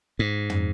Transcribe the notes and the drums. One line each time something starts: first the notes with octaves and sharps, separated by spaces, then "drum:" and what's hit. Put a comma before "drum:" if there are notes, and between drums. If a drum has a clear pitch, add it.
G#2
drum: tom